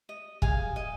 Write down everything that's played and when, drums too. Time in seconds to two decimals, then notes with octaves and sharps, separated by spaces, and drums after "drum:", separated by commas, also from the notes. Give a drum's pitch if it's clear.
0.09 D#5
0.42 G#4 F5 G#5, drum: kick
0.76 D#5